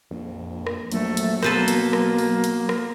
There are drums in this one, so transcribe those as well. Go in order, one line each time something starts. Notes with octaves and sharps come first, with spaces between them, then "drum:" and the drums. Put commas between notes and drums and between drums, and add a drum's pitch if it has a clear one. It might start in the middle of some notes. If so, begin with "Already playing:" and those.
A#1 F2
drum: rim click
A#1 F#3 A3, drum: hi-hat
drum: hi-hat
B2 A#3 A4 B4 C5, drum: rim click
drum: hi-hat
drum: rim click
drum: open hi-hat
drum: hi-hat
drum: rim click